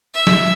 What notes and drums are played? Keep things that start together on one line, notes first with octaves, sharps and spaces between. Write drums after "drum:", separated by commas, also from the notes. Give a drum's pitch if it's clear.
E5
drum: snare F#3